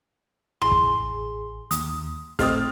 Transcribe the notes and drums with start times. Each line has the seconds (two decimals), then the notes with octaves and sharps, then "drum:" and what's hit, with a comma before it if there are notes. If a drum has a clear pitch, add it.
0.62 A1 E4 G#4 C6
0.72 drum: kick
1.71 D#2 D#6, drum: hi-hat
2.39 A2 A3 C4 G4 D#5 D#6 F6, drum: snare